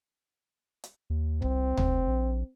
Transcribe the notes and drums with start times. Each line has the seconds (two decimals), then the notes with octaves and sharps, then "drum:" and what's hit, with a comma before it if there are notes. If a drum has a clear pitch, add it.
0.84 drum: hi-hat
1.10 D#2
1.42 C2 C4, drum: kick
1.77 F1, drum: tom D2
2.08 A#1